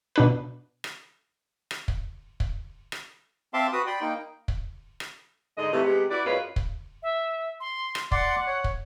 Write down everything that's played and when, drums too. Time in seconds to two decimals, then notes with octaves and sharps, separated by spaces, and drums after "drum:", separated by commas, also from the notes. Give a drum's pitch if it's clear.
0.16 B2 D4 B4
0.84 drum: rim click
1.71 drum: rim click
1.88 drum: kick
2.40 drum: kick
2.92 drum: rim click
3.54 C4 E5 F5 A5 C6 D6
3.73 F#4 B4 D#6
3.87 D5 G5 B5 C6
4.01 A#3 D#4 G5
4.48 drum: kick
5.00 drum: rim click
5.57 G#2 D3 G#3 D#5
5.72 A2 C3 E3 A3
5.84 C3 G#3 B3 G4
6.09 E4 F#4 B4 D5
6.24 F#2 F#3 G#3 F4 A#4 B4
6.56 drum: kick
7.03 E5
7.60 C6
7.95 drum: rim click
8.12 D5 F#5 C6, drum: kick
8.47 C#5
8.64 drum: kick